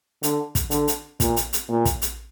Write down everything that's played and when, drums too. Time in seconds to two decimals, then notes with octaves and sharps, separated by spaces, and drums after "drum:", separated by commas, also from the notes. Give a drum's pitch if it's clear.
0.23 D3, drum: hi-hat
0.55 drum: kick, hi-hat
0.71 D3, drum: hi-hat
0.88 drum: hi-hat
1.20 A#2, drum: kick, hi-hat
1.36 drum: hi-hat
1.53 drum: hi-hat
1.69 A#2
1.85 drum: kick, hi-hat
2.02 drum: hi-hat